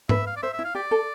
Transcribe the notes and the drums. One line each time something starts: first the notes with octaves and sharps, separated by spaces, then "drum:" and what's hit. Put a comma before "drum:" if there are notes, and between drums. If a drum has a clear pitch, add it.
B4 E5, drum: tom G#2
F5
D5
C5 E5
E5
E4
F5
G4 D5
A4